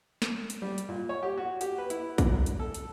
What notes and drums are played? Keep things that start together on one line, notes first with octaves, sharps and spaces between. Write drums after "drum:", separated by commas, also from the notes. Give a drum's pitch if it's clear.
drum: snare
drum: hi-hat
G3
drum: hi-hat
A#2
C#5
G4
F#4
G4, drum: hi-hat
B4
E4, drum: hi-hat
drum: kick, hi-hat
drum: hi-hat
A4
drum: hi-hat